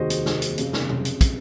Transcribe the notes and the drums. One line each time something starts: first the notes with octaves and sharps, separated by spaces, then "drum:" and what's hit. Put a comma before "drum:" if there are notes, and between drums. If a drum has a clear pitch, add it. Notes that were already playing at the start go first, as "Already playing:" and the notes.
Already playing: F1 D#2 D#3 G#3 F#4 C5 D#5
drum: hi-hat
drum: snare
drum: hi-hat
F1 F2 C#3, drum: hi-hat
drum: snare
drum: tom B2
drum: hi-hat
drum: kick, hi-hat